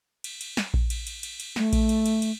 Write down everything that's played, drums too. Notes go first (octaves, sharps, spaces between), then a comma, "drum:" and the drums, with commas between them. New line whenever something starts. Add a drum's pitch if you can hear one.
drum: cymbal
drum: cymbal
drum: snare
drum: kick A#1
drum: cymbal
drum: cymbal
drum: cymbal
drum: cymbal
A3, drum: snare
drum: kick A#1, cymbal
drum: cymbal
drum: cymbal
drum: cymbal